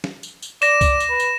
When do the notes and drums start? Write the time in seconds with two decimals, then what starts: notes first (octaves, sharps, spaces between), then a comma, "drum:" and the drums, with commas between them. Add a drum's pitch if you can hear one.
0.04 drum: snare
0.23 drum: tambourine
0.42 drum: tambourine
0.62 D5 A#6 E7, drum: tambourine
0.81 drum: kick C2, tambourine
1.00 drum: tambourine
1.10 B4
1.20 drum: tambourine